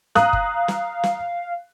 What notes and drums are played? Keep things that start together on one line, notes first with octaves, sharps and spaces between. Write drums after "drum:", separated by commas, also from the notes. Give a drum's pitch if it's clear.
F5 A#5 D#6 F#6, drum: snare
drum: kick F#1
drum: snare
drum: snare